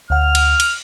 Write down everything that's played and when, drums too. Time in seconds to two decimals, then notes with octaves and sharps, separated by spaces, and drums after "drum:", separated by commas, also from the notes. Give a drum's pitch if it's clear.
0.10 D2 F#5 F6
0.35 drum: cymbal
0.60 drum: cymbal